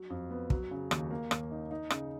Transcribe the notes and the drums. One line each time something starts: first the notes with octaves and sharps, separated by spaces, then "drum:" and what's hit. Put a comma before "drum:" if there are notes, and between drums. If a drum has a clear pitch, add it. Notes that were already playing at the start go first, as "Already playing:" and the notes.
Already playing: F#3
F2
B3
F#3, drum: kick
C#3
D#2, drum: rim click
A#3
D#2, drum: rim click
D#4
D#4
C#3, drum: rim click